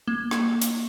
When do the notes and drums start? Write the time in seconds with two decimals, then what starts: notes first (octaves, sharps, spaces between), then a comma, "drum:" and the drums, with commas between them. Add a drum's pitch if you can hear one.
0.07 A#3
0.31 drum: rim click
0.62 drum: hi-hat